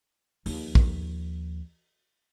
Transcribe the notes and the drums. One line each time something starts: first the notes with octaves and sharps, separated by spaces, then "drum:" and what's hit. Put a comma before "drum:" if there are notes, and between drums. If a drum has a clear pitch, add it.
D#2 F3, drum: open hi-hat
drum: kick